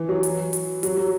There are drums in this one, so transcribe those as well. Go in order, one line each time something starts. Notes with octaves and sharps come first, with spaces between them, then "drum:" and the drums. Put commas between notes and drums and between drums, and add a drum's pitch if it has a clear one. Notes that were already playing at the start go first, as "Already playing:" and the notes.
Already playing: E3
F#3
drum: hi-hat
drum: hi-hat
F#3, drum: hi-hat
F#3